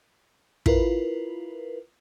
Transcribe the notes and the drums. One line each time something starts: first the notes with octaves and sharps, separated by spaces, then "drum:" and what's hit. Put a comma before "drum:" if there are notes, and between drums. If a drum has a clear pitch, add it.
E4 F4 A#4 B4, drum: kick